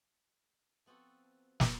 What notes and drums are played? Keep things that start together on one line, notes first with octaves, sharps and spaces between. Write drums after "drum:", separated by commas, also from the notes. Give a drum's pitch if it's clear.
F3 B3 C4 F#4 A4
drum: snare